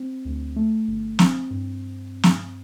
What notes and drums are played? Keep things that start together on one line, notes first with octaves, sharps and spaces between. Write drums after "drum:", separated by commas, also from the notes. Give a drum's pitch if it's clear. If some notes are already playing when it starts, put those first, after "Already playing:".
Already playing: C4
D2
A3
G1
C4, drum: snare
G2
drum: snare